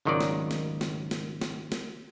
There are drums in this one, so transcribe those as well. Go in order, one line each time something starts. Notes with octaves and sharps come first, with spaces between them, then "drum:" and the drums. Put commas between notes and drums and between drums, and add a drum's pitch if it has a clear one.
G#1 C#2 D#3 F#3 D#4 D5
drum: snare
drum: snare
drum: snare
drum: snare
drum: snare
drum: snare